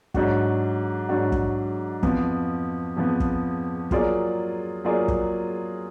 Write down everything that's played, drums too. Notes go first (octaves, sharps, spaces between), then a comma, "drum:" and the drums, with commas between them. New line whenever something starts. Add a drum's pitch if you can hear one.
G#2 F#3 D4 F#4, drum: kick
G#2 F#3 D4 F#4
drum: kick
F2 F3 B3, drum: kick
F2 F3 B3
drum: kick
F#3 A#3 F4 G#4 D5, drum: kick
F#3 A#3 F4 G#4 D5
drum: kick